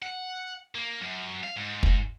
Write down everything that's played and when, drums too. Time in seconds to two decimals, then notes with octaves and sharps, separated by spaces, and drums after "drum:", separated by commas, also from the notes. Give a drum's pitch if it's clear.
0.02 F#5
0.75 A#3
1.02 F#2
1.43 F5
1.57 G#2
1.83 drum: kick